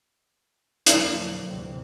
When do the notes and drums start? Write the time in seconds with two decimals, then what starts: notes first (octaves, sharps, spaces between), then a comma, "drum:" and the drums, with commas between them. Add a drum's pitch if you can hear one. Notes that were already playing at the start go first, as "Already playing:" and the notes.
0.86 F2 B2 D3 F3 F#3 A#3, drum: hi-hat
1.47 D2 G#2 C3 E3 C4